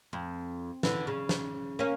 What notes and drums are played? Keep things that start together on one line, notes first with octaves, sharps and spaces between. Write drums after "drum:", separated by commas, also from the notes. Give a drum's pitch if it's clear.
F2
D3 E3, drum: snare
C#3
drum: snare
A#3 C#4